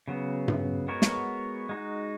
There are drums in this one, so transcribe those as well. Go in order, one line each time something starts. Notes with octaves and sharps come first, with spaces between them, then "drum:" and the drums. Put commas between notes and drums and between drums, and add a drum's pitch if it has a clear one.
C#3 F#3 B3
drum: tom G2
G#3 B3 F#4 A#4 C#5
drum: snare
G#3 D#4 F#4